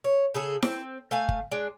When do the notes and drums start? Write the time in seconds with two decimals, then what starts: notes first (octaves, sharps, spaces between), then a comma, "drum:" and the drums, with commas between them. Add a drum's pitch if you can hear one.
0.04 C#5
0.34 C#3 G#4 A4
0.62 C4, drum: snare E4
1.11 A3 F5 G#5
1.29 drum: kick G1
1.51 G#3 D4